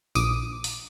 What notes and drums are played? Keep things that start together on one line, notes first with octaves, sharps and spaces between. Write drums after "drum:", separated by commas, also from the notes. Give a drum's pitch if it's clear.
A#1 D6 D#6 D7, drum: tambourine
drum: open hi-hat